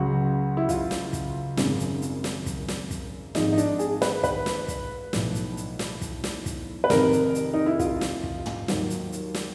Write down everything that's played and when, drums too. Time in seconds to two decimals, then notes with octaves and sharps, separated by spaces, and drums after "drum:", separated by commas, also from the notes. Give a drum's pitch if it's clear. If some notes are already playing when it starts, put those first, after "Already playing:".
Already playing: C#2 C#3 F#3 F#4
0.57 E4
0.69 F4, drum: kick, hi-hat
0.91 drum: snare
1.13 drum: kick, hi-hat
1.57 G#1 F#2 C#3, drum: snare
1.80 drum: hi-hat
2.02 drum: hi-hat
2.24 drum: snare
2.46 drum: kick, hi-hat
2.68 drum: snare
2.91 drum: kick, hi-hat
3.35 G#1 G#2 F3 G#3 D#4, drum: snare
3.52 D#4
3.58 D4, drum: hi-hat
3.79 G#4, drum: hi-hat
4.02 B4, drum: snare
4.24 B4, drum: kick, hi-hat
4.46 drum: snare
4.68 drum: kick, hi-hat
5.13 B1 A2 F3, drum: snare
5.35 drum: hi-hat
5.57 drum: hi-hat
5.79 drum: snare
6.01 drum: kick, hi-hat
6.24 drum: snare
6.46 drum: kick, hi-hat
6.84 B4
6.90 F1 F2 C3 D#3 A#4, drum: snare
7.12 drum: hi-hat
7.35 drum: hi-hat
7.54 D#4
7.66 E4
7.79 F4, drum: kick, hi-hat
8.01 drum: snare
8.23 drum: kick
8.46 drum: tom
8.68 D#2 D#3 F#3, drum: snare
8.90 drum: hi-hat
9.12 drum: hi-hat
9.35 drum: snare